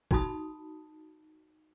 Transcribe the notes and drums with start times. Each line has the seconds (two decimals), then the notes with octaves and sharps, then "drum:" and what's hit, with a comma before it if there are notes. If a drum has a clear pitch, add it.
0.11 D#4 F#4 A5 B5 D#6, drum: kick